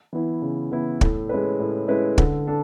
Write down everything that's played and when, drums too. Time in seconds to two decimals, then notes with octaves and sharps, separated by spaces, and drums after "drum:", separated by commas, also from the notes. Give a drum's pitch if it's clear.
0.13 E3 B3 E4
0.42 C#3
0.71 E3 B3 E4
1.01 A2, drum: kick
1.29 G#3 C#4 E4 B4
1.60 A2
1.88 G#3 C#4 E4 B4
2.18 D3, drum: kick
2.47 D4 A4